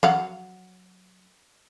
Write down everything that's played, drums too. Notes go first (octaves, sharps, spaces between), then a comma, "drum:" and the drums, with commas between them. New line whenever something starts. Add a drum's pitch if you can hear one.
F#3 F5 F#5, drum: tom E3